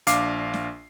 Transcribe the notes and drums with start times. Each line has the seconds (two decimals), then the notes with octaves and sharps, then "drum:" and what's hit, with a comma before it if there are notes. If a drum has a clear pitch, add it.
0.07 A#1 D4 F5 D6 C7, drum: hi-hat
0.54 drum: snare